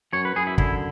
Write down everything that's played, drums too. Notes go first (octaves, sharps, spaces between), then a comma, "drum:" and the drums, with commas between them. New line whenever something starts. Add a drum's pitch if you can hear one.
F#2 C#5
B4
F#2 G#4
E4
D3 E4, drum: kick